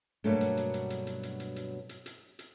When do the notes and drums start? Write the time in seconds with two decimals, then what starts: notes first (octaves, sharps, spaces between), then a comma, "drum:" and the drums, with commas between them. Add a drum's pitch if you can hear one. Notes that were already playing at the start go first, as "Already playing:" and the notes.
0.24 G2 B2 F#3 A3 A#3 D4
0.41 drum: hi-hat
0.57 drum: hi-hat
0.74 drum: hi-hat
0.90 drum: hi-hat
1.07 drum: hi-hat
1.23 drum: hi-hat
1.40 drum: hi-hat
1.56 drum: hi-hat
1.89 drum: hi-hat
2.06 drum: hi-hat
2.39 drum: hi-hat